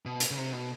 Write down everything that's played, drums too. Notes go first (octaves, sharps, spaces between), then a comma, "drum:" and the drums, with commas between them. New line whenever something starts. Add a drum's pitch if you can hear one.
B2
drum: hi-hat
C#3
C3
B2